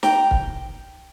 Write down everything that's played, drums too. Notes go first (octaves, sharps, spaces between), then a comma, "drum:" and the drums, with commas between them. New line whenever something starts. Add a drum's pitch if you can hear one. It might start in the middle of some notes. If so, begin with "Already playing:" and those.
G5 A#5, drum: snare
drum: kick